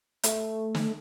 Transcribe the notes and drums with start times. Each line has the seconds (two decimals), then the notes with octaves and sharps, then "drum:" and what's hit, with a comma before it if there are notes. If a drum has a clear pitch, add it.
0.23 A3, drum: hi-hat
0.75 drum: snare